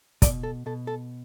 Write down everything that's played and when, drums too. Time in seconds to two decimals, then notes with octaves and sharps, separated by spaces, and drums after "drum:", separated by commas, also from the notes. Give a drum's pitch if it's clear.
0.22 B2 D5, drum: kick, hi-hat
0.43 A4
0.66 B2 A4
0.87 A4